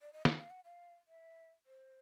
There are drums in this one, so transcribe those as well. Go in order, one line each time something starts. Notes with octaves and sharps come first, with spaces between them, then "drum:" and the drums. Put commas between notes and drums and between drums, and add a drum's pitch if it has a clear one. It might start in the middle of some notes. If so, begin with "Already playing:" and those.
D5
D#5
E5, drum: snare
F5
F#5
F5
E5
C5